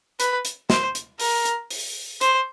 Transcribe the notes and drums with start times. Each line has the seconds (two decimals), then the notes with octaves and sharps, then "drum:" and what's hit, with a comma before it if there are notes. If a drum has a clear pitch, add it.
0.20 B4, drum: hi-hat
0.45 drum: hi-hat
0.70 C5, drum: snare
0.95 drum: hi-hat
1.20 A#4, drum: open hi-hat
1.45 drum: hi-hat
1.70 drum: open hi-hat
2.21 C5, drum: hi-hat